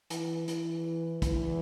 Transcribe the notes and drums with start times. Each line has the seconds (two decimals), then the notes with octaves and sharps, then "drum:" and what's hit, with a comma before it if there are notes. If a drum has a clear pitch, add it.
0.10 E3, drum: hi-hat
0.48 E3, drum: hi-hat
1.22 E3, drum: kick, hi-hat